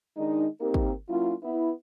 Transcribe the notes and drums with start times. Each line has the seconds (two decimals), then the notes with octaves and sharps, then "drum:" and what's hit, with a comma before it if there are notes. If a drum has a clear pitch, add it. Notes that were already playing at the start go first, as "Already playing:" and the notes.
0.17 D#3 G#3 D4 D#4
0.61 A#3 C4 D#4 G4 A#4
0.74 drum: kick
1.09 F#3 A#3 C#4 E4 F4
1.43 B3 E4